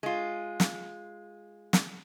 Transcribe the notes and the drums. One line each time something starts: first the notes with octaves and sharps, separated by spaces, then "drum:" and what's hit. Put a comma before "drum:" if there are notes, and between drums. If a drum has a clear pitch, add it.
G#3 F4
drum: snare
drum: snare